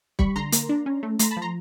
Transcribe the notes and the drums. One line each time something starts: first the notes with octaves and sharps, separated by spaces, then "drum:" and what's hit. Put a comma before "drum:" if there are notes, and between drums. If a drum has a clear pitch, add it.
G3 B5 C#6, drum: kick
D3 A#5 C6
A#3, drum: hi-hat
D4
C#4
A3
A3 A#5 C6, drum: hi-hat
A5 B5
F3
A#5 C6